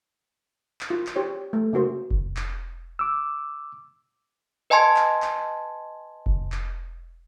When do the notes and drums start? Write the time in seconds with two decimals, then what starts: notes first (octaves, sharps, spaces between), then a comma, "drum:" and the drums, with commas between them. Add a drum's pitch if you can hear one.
0.81 drum: clap
0.90 F4
1.07 drum: clap
1.16 G4 C5 C#5
1.53 A3
1.73 C#3 A#3 F#4 C5
2.11 drum: kick F1
2.37 drum: clap
2.99 D6 E6
4.70 B4 D#5 G#5 A5 C6 G#6
4.96 drum: clap
5.22 drum: clap
6.26 drum: kick F1
6.52 drum: clap